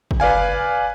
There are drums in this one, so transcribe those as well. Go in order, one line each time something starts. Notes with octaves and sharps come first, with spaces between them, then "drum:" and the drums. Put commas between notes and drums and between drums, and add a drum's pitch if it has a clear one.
drum: kick
B4 D5 F5 G#5